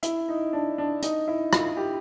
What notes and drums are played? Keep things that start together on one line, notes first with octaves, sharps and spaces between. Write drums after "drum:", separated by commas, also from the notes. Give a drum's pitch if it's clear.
E4, drum: hi-hat
D#4
D4
D4
D#4, drum: hi-hat
E4
F4, drum: rim click
G4